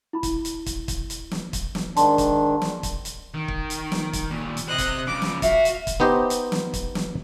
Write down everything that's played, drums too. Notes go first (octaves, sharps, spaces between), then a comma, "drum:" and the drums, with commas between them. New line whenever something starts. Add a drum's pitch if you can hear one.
E4 B5
drum: kick, hi-hat
drum: hi-hat
drum: kick, hi-hat
drum: kick, hi-hat
drum: hi-hat
drum: snare
drum: kick, hi-hat
drum: snare
G#2 D#3 D4 A5 C6, drum: hi-hat
drum: kick, hi-hat
drum: snare
drum: kick, hi-hat
drum: hi-hat
D#3
drum: kick
drum: hi-hat
drum: snare
drum: kick, hi-hat
D#2 A#2
drum: hi-hat
C3 C5 D#5 F#6
drum: kick, hi-hat
C#3 F3 D6
drum: snare
F#4 E5 F5, drum: kick, hi-hat
drum: hi-hat
drum: kick, hi-hat
B3 D#4 G4 C5 D#5
drum: hi-hat
drum: snare
drum: kick, hi-hat
drum: snare